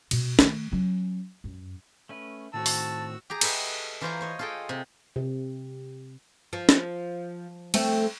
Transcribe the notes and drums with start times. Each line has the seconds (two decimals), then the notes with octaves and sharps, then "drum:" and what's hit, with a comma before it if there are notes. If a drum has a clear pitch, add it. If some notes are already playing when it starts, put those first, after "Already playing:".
0.11 B2, drum: cymbal
0.39 D#3 A3, drum: snare
0.72 F#3 C#4
1.44 F#2
2.09 A3 C#4 B4
2.54 A2 D#3 C4 F#4 A5 E6
2.66 drum: open hi-hat
3.30 G4 G#4 A#5
3.41 A4 B4 D#5 E5 F#5, drum: cymbal
4.01 E3 F4 C5 C#5 F5 A#5
4.21 C5 C#5 D#5
4.39 F4 G#4 A4 D#5 G5
4.69 C3
5.16 C3
6.53 F3
6.69 drum: snare
7.74 A3 C4, drum: cymbal